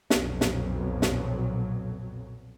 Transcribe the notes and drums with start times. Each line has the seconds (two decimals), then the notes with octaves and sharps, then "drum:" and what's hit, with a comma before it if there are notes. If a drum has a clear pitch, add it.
0.10 B1 F2 A#2 F#3, drum: snare
0.41 drum: snare
1.02 drum: snare